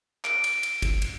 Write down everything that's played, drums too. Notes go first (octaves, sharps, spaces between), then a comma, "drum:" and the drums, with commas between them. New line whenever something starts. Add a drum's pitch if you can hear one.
D7, drum: clap
drum: cymbal
drum: cymbal
drum: kick, cymbal
drum: cymbal